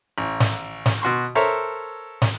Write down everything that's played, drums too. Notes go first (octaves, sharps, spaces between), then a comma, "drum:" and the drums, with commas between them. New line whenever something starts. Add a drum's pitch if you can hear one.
A1
drum: snare
drum: snare
B2 F#4 C6 C#6
A4 A#4 C5 C#5 E5 A#5
drum: snare